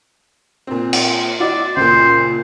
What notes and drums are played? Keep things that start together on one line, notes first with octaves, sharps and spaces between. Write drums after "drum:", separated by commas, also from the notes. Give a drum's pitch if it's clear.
A#2 C4
drum: cymbal
E4 F#4 D5 D#5
C#2 A#2 C5